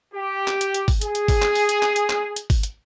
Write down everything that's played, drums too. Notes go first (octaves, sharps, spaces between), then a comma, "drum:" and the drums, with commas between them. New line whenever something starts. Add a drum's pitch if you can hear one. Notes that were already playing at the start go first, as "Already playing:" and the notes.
G4
drum: clap
drum: hi-hat
drum: hi-hat
drum: kick G1, open hi-hat
G#4, drum: hi-hat
drum: hi-hat
drum: kick G1, open hi-hat
drum: clap
drum: open hi-hat
drum: hi-hat
drum: clap
drum: hi-hat
drum: clap
drum: hi-hat
drum: kick G1, open hi-hat
drum: hi-hat